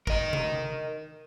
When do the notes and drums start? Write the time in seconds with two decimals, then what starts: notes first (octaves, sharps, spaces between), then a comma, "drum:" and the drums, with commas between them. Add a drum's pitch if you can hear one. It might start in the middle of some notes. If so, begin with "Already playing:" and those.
0.07 A#4 D#5, drum: kick
0.33 drum: tom C3